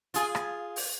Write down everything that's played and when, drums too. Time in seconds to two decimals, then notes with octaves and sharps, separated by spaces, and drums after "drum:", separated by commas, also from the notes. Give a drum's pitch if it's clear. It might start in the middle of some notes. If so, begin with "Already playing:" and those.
0.14 F4 G#4, drum: hi-hat
0.35 drum: rim click
0.76 drum: open hi-hat